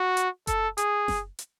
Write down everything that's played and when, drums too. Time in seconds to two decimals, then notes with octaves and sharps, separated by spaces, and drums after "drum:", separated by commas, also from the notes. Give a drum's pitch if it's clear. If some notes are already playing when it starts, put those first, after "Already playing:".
Already playing: F#4
0.17 drum: hi-hat
0.47 A4, drum: kick F#1, hi-hat
0.78 G#4, drum: hi-hat
1.08 drum: snare F#1
1.39 drum: hi-hat